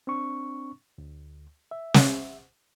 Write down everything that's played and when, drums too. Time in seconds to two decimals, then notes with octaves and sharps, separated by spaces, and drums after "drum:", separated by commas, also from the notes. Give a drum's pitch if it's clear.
0.07 C4 D4 C#6
0.98 D2
1.71 E5
1.94 drum: snare